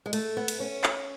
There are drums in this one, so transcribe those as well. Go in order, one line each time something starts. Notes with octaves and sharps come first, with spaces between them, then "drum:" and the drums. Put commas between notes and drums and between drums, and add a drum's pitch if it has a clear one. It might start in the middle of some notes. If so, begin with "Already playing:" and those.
G#3
A3, drum: cymbal
B3
drum: cymbal
C#4
drum: clap